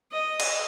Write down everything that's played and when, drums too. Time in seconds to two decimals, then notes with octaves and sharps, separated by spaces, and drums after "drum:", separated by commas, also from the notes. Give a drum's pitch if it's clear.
0.12 D#5
0.40 drum: cymbal